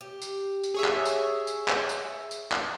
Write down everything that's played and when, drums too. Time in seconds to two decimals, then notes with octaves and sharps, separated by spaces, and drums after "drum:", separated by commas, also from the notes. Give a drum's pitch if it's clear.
0.01 G4
0.22 drum: tambourine
0.63 drum: tambourine
0.74 G#4 C#5 E5
0.84 drum: clap
1.05 drum: tambourine
1.47 drum: tambourine
1.68 drum: clap
1.89 drum: tambourine
2.31 drum: tambourine
2.52 drum: clap